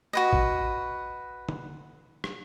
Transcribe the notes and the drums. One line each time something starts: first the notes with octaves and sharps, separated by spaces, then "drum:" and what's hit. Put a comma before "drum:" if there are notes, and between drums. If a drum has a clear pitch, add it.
F#4 B4 D#5
drum: kick A1
drum: tom
drum: rim click